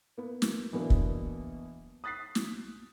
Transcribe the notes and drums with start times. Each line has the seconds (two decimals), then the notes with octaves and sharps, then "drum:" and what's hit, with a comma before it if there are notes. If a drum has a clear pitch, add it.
0.18 A#3 B3
0.42 drum: snare
0.72 B2 E3 F#3 A#3 D4
0.90 drum: kick
2.04 D#6 F#6 A6 B6 C7
2.35 drum: snare